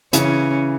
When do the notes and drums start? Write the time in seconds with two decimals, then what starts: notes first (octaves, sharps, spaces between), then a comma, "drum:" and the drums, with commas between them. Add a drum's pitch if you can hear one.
0.13 C#3 E3 C#4, drum: hi-hat